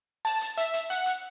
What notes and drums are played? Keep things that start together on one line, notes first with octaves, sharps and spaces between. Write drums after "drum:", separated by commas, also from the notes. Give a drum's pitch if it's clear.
A5, drum: open hi-hat
drum: hi-hat
E5, drum: hi-hat
drum: hi-hat
F#5, drum: hi-hat
drum: hi-hat